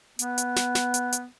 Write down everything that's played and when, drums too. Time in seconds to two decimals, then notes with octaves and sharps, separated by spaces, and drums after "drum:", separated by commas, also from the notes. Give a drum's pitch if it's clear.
0.19 B3, drum: hi-hat
0.38 drum: hi-hat
0.56 drum: snare
0.75 drum: snare
0.94 drum: hi-hat
1.12 drum: hi-hat